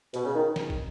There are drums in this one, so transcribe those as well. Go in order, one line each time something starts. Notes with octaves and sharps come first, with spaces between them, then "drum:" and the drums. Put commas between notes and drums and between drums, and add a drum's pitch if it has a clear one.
B2, drum: hi-hat
C#3
D#3
drum: snare
drum: kick